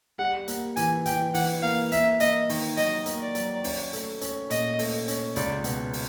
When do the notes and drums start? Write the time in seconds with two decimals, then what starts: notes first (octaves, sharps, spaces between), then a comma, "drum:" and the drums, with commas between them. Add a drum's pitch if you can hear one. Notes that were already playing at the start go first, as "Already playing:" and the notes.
0.19 G3 F#5
0.48 A#3, drum: hi-hat
0.76 E3 G#5, drum: hi-hat
1.06 E3 G5, drum: hi-hat
1.34 E3 F#5, drum: open hi-hat
1.63 A#3 F5
1.92 A#3 E5, drum: hi-hat
2.20 A#3 D#5, drum: hi-hat
2.49 D#3, drum: open hi-hat
2.77 F#3 D#5, drum: hi-hat
3.06 A#3, drum: hi-hat
3.20 D5
3.35 F#3, drum: hi-hat
3.64 C#4, drum: open hi-hat
3.93 A3, drum: hi-hat
4.21 C#4, drum: hi-hat
4.50 A#2 D#5, drum: hi-hat
4.79 A3, drum: open hi-hat
5.08 C#4, drum: hi-hat
5.36 C#2 D5, drum: hi-hat
5.64 B2, drum: hi-hat
5.93 drum: open hi-hat